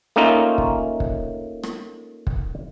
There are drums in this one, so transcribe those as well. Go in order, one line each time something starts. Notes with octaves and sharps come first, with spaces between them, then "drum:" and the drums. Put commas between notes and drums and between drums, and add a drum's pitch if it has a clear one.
A3 A#3 C#4 D#4 F4 A#4
drum: kick
drum: kick
drum: rim click
drum: kick